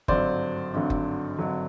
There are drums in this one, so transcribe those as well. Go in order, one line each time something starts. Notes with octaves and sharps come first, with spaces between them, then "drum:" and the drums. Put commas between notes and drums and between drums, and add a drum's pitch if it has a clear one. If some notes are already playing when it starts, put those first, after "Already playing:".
G#1 G2 D3 F#3 C5 D5, drum: kick F#1
G#1 G2 D3 F#3
drum: kick F#1
G#1 G2 D3 F#3